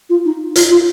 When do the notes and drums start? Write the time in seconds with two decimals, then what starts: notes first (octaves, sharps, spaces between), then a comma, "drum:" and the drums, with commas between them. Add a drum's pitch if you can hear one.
0.10 F4
0.25 D#4
0.56 F4, drum: hi-hat
0.71 F4